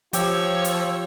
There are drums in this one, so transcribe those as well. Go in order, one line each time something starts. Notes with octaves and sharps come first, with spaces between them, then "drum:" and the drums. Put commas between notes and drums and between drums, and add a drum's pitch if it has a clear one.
F3 F4 G4 C#5 E6, drum: hi-hat
drum: hi-hat